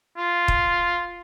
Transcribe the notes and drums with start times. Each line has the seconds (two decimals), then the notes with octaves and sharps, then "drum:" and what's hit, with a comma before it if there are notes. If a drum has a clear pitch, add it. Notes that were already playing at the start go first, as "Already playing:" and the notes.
0.17 F4
0.48 drum: kick